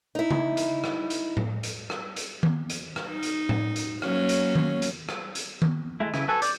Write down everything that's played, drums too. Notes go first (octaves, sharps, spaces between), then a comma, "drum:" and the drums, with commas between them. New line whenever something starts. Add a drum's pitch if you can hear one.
D#4 E4
drum: tom C#3
drum: hi-hat
drum: rim click
drum: hi-hat
drum: tom A2
drum: hi-hat
drum: rim click
drum: hi-hat
drum: tom D#3
drum: hi-hat
drum: rim click
D#4
drum: hi-hat
drum: tom A2
drum: hi-hat
F#3 A#3 C#4, drum: rim click
drum: hi-hat
drum: tom D#3
drum: hi-hat
drum: rim click
drum: hi-hat
drum: tom D#3
G#3 A3 E4
C#3 E4, drum: rim click
F#4 A4 B4 G#5
D5 G6, drum: hi-hat